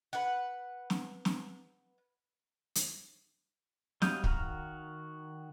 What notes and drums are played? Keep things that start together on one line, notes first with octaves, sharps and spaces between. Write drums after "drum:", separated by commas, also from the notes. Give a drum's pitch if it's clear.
B4 F#5
drum: snare
drum: snare
drum: hi-hat
F#3 G3 D#5 F5 G6, drum: snare
D#3 F#4 F5 A#5 F6, drum: kick